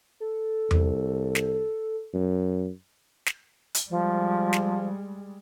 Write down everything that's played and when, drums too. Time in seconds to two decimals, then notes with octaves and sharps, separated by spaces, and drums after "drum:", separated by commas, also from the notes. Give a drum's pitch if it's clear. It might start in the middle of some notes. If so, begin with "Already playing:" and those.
0.20 A4
0.71 C2, drum: tom E2
1.35 drum: snare
2.14 F#2
3.26 drum: snare
3.75 drum: hi-hat
3.90 F3 G3 G#3
4.53 drum: snare